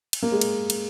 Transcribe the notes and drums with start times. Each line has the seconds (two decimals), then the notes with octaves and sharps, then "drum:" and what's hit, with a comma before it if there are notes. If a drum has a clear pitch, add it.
0.13 drum: cymbal
0.22 A#3
0.32 G#3
0.41 drum: cymbal
0.70 drum: cymbal